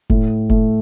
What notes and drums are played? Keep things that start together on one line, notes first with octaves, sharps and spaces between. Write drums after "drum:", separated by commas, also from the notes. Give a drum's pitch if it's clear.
A2, drum: kick F1
A3, drum: kick F1